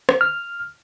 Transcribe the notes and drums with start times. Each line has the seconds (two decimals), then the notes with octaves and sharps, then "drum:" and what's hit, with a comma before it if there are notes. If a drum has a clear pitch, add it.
0.09 drum: rim click
0.21 F6